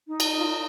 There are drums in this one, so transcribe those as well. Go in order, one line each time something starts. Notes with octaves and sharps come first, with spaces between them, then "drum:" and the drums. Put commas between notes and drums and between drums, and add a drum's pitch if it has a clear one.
D#4
drum: cymbal
F4
D#4